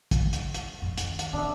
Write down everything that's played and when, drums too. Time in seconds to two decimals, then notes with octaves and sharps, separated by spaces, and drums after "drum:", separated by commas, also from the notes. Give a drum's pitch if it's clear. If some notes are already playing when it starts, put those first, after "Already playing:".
0.11 drum: kick, hi-hat
0.33 drum: hi-hat
0.54 drum: hi-hat
0.82 F2 A3
0.98 D#3, drum: hi-hat
1.19 drum: hi-hat
1.33 B3 D4 E5